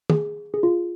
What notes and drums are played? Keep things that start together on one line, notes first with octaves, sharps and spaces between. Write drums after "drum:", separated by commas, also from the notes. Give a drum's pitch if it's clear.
G#4, drum: tom
G#4
F4